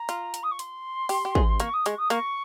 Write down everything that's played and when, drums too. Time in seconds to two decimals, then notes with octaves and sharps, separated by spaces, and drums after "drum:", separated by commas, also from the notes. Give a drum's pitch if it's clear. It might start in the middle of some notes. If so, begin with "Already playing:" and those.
Already playing: A#5
0.09 F4, drum: hi-hat
0.34 drum: hi-hat
0.43 D#6
0.51 C#6
0.59 C6, drum: hi-hat
1.09 G4, drum: open hi-hat
1.25 G4
1.35 G#4, drum: kick
1.60 A#3 C#6, drum: hi-hat
1.73 D#6
1.86 G#3 C#6, drum: hi-hat
1.98 D#6
2.10 A#3 C#6, drum: hi-hat